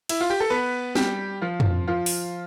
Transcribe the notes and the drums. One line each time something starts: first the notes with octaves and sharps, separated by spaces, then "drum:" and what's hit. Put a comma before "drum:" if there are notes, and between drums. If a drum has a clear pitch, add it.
E4, drum: cymbal
F4
G4
A4
B3 B4
G3 G4, drum: snare
F3 F4
drum: tom F2
F3 F4
drum: open hi-hat